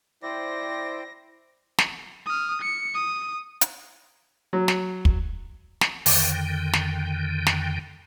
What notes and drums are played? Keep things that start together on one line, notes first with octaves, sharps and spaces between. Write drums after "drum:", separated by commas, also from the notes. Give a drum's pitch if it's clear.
E4 C5 D5 G5 A#6
drum: snare
D#6 F6
C#7
D#6
drum: hi-hat
F#3
drum: snare
drum: kick
drum: snare
F2 D3 D#3 G5, drum: open hi-hat
drum: snare
drum: snare